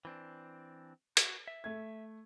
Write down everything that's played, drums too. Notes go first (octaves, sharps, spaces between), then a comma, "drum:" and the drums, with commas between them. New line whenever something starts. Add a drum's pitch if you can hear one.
E3 C4 D4
F#4, drum: hi-hat
E5
A3 G#6